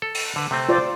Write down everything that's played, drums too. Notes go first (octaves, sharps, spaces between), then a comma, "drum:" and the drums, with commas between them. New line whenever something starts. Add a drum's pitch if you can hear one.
A4
drum: open hi-hat
D3 B4
C3 A3 C4
F4 C5 D5